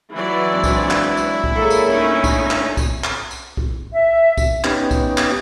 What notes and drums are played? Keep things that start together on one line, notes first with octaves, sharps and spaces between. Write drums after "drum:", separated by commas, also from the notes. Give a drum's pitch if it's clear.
E3 F#3 E4 D5
G#2 C4 D4
drum: kick B1, tambourine
drum: clap
drum: tambourine
drum: kick B1
F#3 A#3 G#4 A4 C#5
drum: tambourine
G2 A3 C#4 D#4 E5
drum: kick B1, tambourine
drum: clap
drum: kick B1, tambourine
drum: clap
drum: tambourine
drum: kick B1
E5
drum: kick B1, tambourine
B3 C#4 D#4 G4, drum: clap
drum: kick B1, tambourine
drum: clap